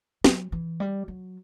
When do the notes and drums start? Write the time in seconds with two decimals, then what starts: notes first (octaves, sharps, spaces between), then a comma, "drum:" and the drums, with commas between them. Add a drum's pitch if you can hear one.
0.24 F#3, drum: snare
0.52 E3
0.80 G3
1.08 F#3